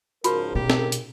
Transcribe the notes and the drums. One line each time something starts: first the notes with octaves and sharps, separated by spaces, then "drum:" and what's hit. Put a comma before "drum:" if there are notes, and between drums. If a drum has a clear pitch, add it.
G#2 C#3 F3 F#4 A#4 B5, drum: hi-hat
B2 G4
drum: snare
drum: hi-hat